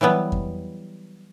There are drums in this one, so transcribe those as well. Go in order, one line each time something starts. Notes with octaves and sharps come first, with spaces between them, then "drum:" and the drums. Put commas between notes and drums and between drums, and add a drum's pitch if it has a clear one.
E3 F#3 G3 B3
drum: kick F2